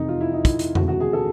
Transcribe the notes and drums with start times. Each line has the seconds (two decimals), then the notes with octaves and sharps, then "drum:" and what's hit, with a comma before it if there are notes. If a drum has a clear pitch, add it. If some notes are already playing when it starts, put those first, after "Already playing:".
Already playing: F1 E2 C3 D#4
0.08 F4
0.21 E4
0.33 D#4
0.45 E4, drum: kick, hi-hat
0.59 drum: hi-hat
0.75 E1 D2 C3 D#3 F#4, drum: tom F2
0.88 F#4
1.00 G#4
1.13 A4